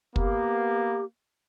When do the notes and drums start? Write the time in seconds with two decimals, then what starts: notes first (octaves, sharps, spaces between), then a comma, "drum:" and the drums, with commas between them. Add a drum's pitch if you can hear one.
0.16 A#3 B3 G4, drum: kick